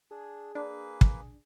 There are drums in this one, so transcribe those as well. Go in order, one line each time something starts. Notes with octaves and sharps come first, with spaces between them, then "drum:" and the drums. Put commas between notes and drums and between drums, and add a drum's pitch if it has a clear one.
D4 G#4
A#3 D4 B4
drum: kick